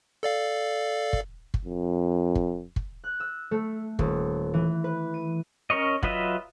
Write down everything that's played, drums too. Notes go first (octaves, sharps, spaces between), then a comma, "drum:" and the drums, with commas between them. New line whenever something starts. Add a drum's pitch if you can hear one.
A4 D5 F5
drum: kick
drum: kick
F2
drum: kick
drum: kick
F#6
E6
A3
D#1, drum: kick
E3
B4
D#7
C#4 A#4 C#5 D#5
F#3 F4 B4 D#5 E5, drum: kick